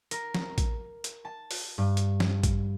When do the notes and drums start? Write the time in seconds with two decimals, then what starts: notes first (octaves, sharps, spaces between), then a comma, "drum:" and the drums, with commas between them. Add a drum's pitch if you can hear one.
0.11 A#4, drum: hi-hat
0.35 drum: snare
0.58 drum: kick A1, hi-hat
1.04 drum: hi-hat
1.25 A5
1.51 drum: open hi-hat
1.78 G2
1.97 drum: hi-hat
2.20 drum: snare
2.43 drum: kick A1, hi-hat